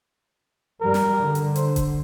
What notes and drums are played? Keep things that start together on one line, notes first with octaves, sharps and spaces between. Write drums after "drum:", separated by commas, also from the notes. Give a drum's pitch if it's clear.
G2 G3 A#4
drum: snare
D3
drum: hi-hat
C5, drum: hi-hat
drum: kick E1, hi-hat